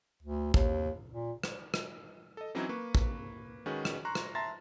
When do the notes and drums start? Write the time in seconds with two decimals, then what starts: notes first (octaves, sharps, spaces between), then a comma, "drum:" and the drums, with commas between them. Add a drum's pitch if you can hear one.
0.23 D2
0.54 D#2, drum: kick
1.10 A#2
1.44 drum: rim click
1.74 drum: rim click
2.37 A4 D#5
2.55 E3 F#3 C4 C#4 D#4 E4
2.69 A#3 B4 C#6
2.95 drum: kick
3.66 D#3 G#3 C#4 F#4 G#4 B4
3.85 drum: rim click
4.05 A#5 C6 C#6 F#6
4.15 drum: rim click
4.35 E5 A5 A#5 C6 A6 A#6